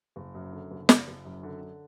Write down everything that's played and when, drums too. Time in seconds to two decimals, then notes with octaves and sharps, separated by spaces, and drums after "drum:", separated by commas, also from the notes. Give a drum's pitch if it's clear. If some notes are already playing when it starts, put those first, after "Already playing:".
0.16 F#1
0.35 F#2
0.53 D3
0.71 F#1
0.89 F#1, drum: snare
1.08 F#1
1.25 F#2
1.43 D3
1.61 D3